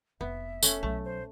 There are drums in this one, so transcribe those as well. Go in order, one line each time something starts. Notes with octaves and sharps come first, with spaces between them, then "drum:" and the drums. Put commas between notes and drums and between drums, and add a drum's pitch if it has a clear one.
F1 B3 E5
A3 C#4, drum: tambourine
B1 A3
C5